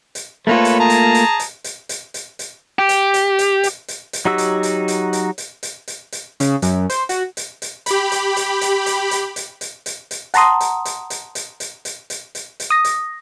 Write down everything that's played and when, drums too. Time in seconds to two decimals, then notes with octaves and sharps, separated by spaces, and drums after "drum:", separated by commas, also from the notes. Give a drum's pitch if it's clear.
0.15 drum: hi-hat
0.47 A3 A#3 F4 A4 B4 C#5
0.65 drum: hi-hat
0.80 G#4 A5 A#5
0.90 drum: hi-hat
1.15 drum: hi-hat
1.39 drum: hi-hat
1.64 drum: hi-hat
1.89 drum: hi-hat
2.14 drum: hi-hat
2.39 drum: hi-hat
2.79 G4
2.89 drum: hi-hat
3.14 drum: hi-hat
3.39 drum: hi-hat
3.64 drum: hi-hat
3.88 drum: hi-hat
4.13 drum: hi-hat
4.25 F#3 D#4 F#4 G4 E6
4.38 drum: hi-hat
4.63 drum: hi-hat
4.88 drum: hi-hat
5.13 drum: hi-hat
5.38 drum: hi-hat
5.63 drum: hi-hat
5.88 drum: hi-hat
6.12 drum: hi-hat
6.40 C#3, drum: hi-hat
6.62 F#2, drum: hi-hat
6.90 C5, drum: hi-hat
7.09 F#4, drum: hi-hat
7.37 drum: hi-hat
7.62 drum: hi-hat
7.86 G4 B5, drum: hi-hat
8.12 drum: hi-hat
8.36 drum: hi-hat
8.61 drum: hi-hat
8.86 drum: hi-hat
9.11 drum: hi-hat
9.36 drum: hi-hat
9.61 drum: hi-hat
9.86 drum: hi-hat
10.11 drum: hi-hat
10.34 F#5 A5 A#5 C6 D#6, drum: hi-hat
10.60 drum: hi-hat
10.85 drum: hi-hat
11.10 drum: hi-hat
11.35 drum: hi-hat
11.60 drum: hi-hat
11.85 drum: hi-hat
12.10 drum: hi-hat
12.35 drum: hi-hat
12.60 drum: hi-hat
12.70 D#6 A#6
12.85 drum: hi-hat